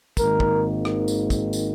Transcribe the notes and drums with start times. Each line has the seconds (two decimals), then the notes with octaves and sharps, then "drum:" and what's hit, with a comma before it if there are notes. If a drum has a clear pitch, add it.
0.17 G#1 G#2 D#3 A#3 A#4, drum: kick, tambourine
0.40 drum: kick
0.85 drum: rim click
1.08 drum: tambourine
1.30 drum: kick, tambourine
1.53 drum: tambourine